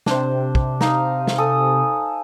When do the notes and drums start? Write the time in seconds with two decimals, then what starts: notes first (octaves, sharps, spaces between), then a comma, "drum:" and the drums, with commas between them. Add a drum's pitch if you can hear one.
0.06 C3 D4 C5, drum: snare
0.55 drum: kick
0.81 D#4 F5, drum: snare
1.27 drum: snare
1.38 A4 G#5 D#6